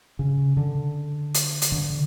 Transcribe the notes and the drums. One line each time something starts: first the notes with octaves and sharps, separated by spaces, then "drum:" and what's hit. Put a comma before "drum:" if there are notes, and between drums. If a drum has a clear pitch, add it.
C#3
D3
drum: hi-hat
drum: hi-hat
D3